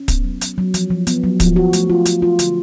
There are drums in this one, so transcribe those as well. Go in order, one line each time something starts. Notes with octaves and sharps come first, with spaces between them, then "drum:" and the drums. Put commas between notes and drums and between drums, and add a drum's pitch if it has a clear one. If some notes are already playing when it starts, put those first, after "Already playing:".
Already playing: C#4
B3, drum: kick, hi-hat
F#3
F#3, drum: hi-hat
F#3
F3, drum: hi-hat
F3
B3, drum: hi-hat
F#3
F3, drum: kick, hi-hat
F#4
A3, drum: hi-hat
F4
F4, drum: hi-hat
F4
D3, drum: hi-hat